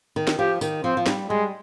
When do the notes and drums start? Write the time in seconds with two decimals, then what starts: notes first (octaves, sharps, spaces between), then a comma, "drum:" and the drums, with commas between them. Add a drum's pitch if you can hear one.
0.16 D#3
0.27 drum: snare
0.39 F3 G4
0.61 D#3, drum: tambourine
0.84 F3 C4
0.97 F3
1.06 G3, drum: snare
1.30 G3 G#3